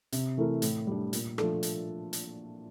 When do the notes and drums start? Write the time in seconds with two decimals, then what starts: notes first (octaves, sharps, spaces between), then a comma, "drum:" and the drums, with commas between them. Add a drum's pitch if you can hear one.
0.12 C3, drum: hi-hat
0.37 E3 A3 E4 A#4
0.62 A2, drum: hi-hat
0.87 G3 D4
1.13 A#2, drum: hi-hat
1.38 F3 A3 D4 A4, drum: rim click
1.63 drum: hi-hat
2.13 drum: hi-hat